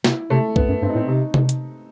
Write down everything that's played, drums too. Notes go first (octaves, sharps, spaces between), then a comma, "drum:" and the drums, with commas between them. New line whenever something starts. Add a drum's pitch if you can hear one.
C3 E4, drum: snare
C3 A3
G2 B3, drum: kick
F#2
G2 C4
D#4
A2 C4
C3 D#4
drum: tom C3
drum: hi-hat